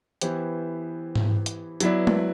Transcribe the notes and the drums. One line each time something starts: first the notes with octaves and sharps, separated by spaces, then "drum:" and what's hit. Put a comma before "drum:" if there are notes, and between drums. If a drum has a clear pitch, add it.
E3 B3 E4 G4 C5, drum: hi-hat
drum: tom G#2
drum: hi-hat
F#3 B3 E4 B4 D5, drum: hi-hat
drum: tom G#3